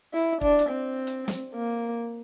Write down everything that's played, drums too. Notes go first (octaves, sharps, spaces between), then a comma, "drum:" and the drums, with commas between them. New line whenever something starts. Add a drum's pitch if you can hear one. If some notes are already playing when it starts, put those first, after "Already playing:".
E4
D4, drum: kick
drum: hi-hat
C4
drum: hi-hat
drum: snare
A#3